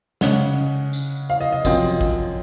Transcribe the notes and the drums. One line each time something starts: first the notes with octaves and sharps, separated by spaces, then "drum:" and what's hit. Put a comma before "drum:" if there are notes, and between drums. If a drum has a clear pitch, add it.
C#3 G#3 C#4 F#5, drum: snare
drum: tambourine
F5
D#5
D#5
F#2 F3 C4 D#5, drum: kick, tambourine
drum: kick